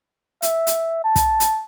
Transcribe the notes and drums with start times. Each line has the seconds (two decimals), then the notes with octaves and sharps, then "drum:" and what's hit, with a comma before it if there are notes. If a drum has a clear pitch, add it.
0.42 E5, drum: hi-hat
0.67 drum: hi-hat
1.04 A5
1.16 drum: kick, hi-hat
1.40 drum: hi-hat